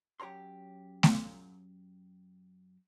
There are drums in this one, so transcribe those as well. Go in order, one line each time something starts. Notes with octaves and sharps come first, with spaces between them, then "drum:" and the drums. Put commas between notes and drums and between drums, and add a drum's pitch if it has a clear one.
F#2 G4 C#5 A#5 C6
drum: snare A3